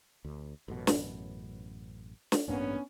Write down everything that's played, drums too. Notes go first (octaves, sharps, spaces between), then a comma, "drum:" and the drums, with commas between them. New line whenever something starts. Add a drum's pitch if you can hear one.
D2
A1 F#2 B2
drum: snare
drum: snare
A1 G2 A#3 B3 C#4 D4